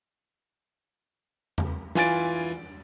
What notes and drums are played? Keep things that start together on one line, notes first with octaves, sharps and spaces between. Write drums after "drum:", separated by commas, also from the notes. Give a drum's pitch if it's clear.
drum: tom E2
E3 F4 G#5 A6 D7, drum: snare